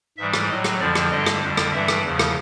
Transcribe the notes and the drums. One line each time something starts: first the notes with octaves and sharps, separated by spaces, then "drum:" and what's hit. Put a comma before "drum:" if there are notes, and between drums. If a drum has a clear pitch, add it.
G#2 E3 G3 E5
drum: rim click
A2 F#3 D#5
drum: rim click
F2 D3 F3 D5
drum: rim click
G2 D3 G3 D#5
drum: rim click
F2 D3 G3
drum: rim click
G2 E3 G3 E5
drum: rim click
E2 C#3 F3
drum: rim click